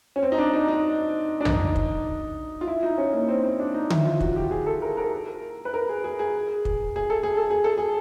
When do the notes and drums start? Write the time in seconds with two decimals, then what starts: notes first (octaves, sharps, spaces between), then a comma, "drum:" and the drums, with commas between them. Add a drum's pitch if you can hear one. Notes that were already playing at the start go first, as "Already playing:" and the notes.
0.16 C#4
0.23 C4
0.32 D#4
0.38 D4
0.53 D#4
0.68 D#4
1.41 D4
1.45 D#4, drum: tom
1.76 drum: kick
2.61 F4
2.67 E4
2.83 D#4
2.98 C#4
3.13 A#3
3.28 C4
3.44 C4
3.59 D4
3.74 D#4
3.90 E4, drum: tom D3
4.05 F4
4.21 F#4, drum: kick
4.36 G4
4.51 G#4
4.66 A4
4.82 A#4
4.97 A#4
5.65 B4
5.74 A#4
5.89 G#4
6.04 G#4
6.19 G#4
6.65 drum: kick
6.96 G#4
7.10 A4
7.23 G#4
7.37 A4
7.50 G#4
7.64 A4
7.78 G#4